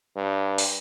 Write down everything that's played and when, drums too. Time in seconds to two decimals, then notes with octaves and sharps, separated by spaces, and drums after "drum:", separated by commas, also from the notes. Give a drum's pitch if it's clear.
0.16 G2
0.58 drum: open hi-hat